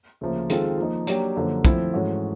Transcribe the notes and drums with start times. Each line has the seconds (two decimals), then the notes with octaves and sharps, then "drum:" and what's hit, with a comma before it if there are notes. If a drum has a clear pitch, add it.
0.21 D2 C#3 F3 A#3
0.50 D#3 G#3 C4 F4 A4, drum: hi-hat
0.78 F3 A#3 D#4
1.07 F#3 A#3 D4 G4, drum: hi-hat
1.36 F#2 D3 F3 A#3
1.65 F3 A3 C4 E4, drum: kick, hi-hat
1.94 G#2 E3 A3 C#4 F#4